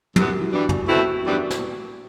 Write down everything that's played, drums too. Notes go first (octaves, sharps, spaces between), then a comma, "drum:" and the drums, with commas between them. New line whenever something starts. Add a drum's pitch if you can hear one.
F#2 E3 B3 G4, drum: tom
F#4
E4
G2 E3 G3 D4 F#4
drum: tom
B2 A3 C4 E4 F#4
F#2 E3 G3 B3 D4 F#4
drum: snare